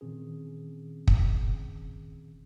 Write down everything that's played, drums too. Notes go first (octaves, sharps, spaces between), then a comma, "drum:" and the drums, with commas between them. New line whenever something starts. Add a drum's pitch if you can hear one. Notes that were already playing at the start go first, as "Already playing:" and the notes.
A#2 D#3 E3 C4 C#4 G#4
drum: kick